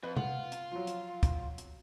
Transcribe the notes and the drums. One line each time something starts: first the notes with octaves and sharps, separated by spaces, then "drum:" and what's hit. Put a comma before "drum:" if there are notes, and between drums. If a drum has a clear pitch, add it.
F2 B4
F4 F#5, drum: tom C3
drum: hi-hat
F3 F#3
drum: hi-hat
drum: kick, hi-hat
drum: hi-hat